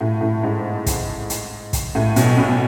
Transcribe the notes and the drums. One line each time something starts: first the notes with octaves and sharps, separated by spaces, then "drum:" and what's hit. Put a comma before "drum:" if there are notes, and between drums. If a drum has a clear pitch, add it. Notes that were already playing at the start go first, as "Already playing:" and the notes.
A2
A2
G#2
drum: kick, hi-hat
drum: hi-hat
drum: kick, hi-hat
A2
B1 B2, drum: hi-hat
B1 B2